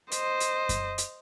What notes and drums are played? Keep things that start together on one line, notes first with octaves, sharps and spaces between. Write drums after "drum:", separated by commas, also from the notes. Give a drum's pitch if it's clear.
C5 D#5, drum: hi-hat
drum: hi-hat
drum: kick F#2, hi-hat
drum: hi-hat